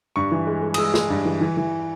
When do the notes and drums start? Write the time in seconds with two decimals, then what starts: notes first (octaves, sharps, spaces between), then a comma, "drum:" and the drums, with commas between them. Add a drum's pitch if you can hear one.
0.16 G2 C#6
0.32 E3
0.47 G#3
0.63 G#3
0.74 D#6, drum: cymbal
0.78 G#3 E6
0.94 G#3, drum: snare
1.10 G2
1.25 E3
1.41 E3
1.57 E3